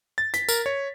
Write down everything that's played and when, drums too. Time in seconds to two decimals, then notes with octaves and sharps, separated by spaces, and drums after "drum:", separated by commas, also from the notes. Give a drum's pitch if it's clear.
0.18 A6
0.34 B6, drum: hi-hat
0.49 A#4, drum: tambourine
0.66 C#5